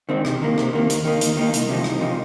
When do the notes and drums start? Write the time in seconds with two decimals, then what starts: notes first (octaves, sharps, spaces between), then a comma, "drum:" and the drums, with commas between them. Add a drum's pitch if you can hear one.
0.09 D#3 C4 D#4
0.25 C3, drum: rim click
0.42 D#3 A#3
0.58 C3, drum: rim click
0.73 D#3 A#3
0.90 D#2, drum: hi-hat
1.05 D#3 A#3 D#4
1.21 D#2, drum: hi-hat
1.37 D#3 A#3 D#4
1.54 C2, drum: hi-hat
1.69 C3 F3 D#4
1.84 C2, drum: rim click
2.01 C3 F3 D#4